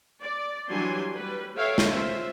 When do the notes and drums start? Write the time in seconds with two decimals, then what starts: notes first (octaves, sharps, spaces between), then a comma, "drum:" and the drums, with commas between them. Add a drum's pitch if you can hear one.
0.23 D5
0.71 E3 F#3 G3 D4 G#5 C6
1.17 G3 B4
1.56 A4 C#5 E5 F5 G5
1.78 drum: snare
1.88 C#4 F4 C5 E5